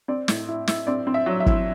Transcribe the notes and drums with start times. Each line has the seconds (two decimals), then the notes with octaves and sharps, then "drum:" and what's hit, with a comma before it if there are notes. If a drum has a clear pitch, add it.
0.08 C4 D5
0.28 A2, drum: snare
0.48 E4
0.67 E4, drum: snare
0.87 C4 D5
1.07 C4
1.14 E5
1.26 F#3
1.40 E5
1.46 E4, drum: kick